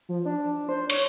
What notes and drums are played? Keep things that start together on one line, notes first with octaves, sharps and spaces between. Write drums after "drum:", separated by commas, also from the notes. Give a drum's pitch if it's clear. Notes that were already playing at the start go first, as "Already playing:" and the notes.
F3
D4
C5
C#5, drum: cymbal